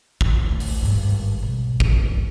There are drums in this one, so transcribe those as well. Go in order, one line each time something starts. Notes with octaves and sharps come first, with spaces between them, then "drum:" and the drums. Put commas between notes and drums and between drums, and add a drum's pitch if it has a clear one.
D#2, drum: kick
D2 A3
drum: open hi-hat
G#1 G2
B1
drum: kick
G2 C#4
D2